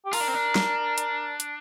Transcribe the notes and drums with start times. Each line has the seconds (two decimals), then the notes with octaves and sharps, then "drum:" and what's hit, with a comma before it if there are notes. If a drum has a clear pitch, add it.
0.06 G4
0.13 F4 A#4, drum: open hi-hat
0.20 D4
0.28 C4
0.34 D4
0.55 drum: snare
0.98 drum: hi-hat
1.40 drum: hi-hat